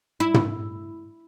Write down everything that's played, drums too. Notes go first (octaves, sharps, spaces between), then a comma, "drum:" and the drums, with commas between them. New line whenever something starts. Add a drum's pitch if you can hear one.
E4
drum: tom